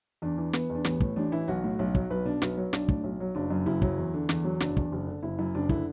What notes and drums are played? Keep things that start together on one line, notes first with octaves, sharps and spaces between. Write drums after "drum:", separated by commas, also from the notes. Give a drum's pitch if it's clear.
E2 D4
E3
E3 B3, drum: snare
E2
D4
A1 B3, drum: snare
A2, drum: kick
A1 D4
E3 E4
B1 F#4
A2
B1
F#3, drum: kick
B1 B4
B2 D4
B1 B3, drum: snare
F#3
B1 D4, drum: snare
A2, drum: kick
B1
F#3
F#1 D4
F#2
F#1 E4
F#3, drum: kick
E2
D3
E2, drum: snare
F#3
F#1 D4, drum: snare
E2, drum: kick
F#1
D3
F#1 E4
F#2 E4
F#1 D4
D3 E4, drum: kick